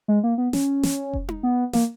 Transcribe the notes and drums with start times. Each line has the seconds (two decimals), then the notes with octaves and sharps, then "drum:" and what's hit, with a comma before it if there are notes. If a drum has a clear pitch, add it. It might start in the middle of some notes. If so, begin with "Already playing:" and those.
0.08 G#3
0.24 A#3
0.38 B3
0.53 C#4, drum: snare
0.83 drum: snare
1.13 drum: kick F1
1.28 drum: tom D#4
1.43 B3
1.73 A#3, drum: snare